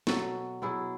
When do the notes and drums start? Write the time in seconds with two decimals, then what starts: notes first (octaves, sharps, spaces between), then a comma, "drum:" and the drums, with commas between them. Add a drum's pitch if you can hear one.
0.07 B2 F#3 F#4 A4, drum: snare
0.62 B2 F#3 E4 G#4